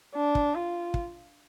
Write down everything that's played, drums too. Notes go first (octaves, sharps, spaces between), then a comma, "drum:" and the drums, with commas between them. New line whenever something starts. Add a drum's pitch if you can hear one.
D4
drum: kick
F4
drum: kick